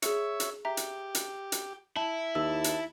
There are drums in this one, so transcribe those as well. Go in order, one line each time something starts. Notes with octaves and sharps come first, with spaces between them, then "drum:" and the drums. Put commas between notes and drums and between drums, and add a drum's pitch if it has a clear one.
G#4 C#5 E5 C#7, drum: hi-hat
drum: hi-hat
G4 E5 A#5
drum: hi-hat
drum: hi-hat
drum: hi-hat
E4 A5
D#2 A5 E6
drum: hi-hat